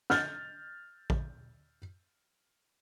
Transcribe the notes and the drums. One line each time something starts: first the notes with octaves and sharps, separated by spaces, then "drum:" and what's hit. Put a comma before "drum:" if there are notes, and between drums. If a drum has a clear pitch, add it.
F6 G6 A6, drum: snare
drum: kick